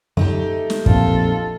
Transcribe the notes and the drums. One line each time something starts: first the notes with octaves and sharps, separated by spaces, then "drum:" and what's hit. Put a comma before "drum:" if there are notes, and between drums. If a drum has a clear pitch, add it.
F#2 D3 F#3 A3 D#4 G4
drum: snare
A#1 F2 A#2 F4 A4, drum: kick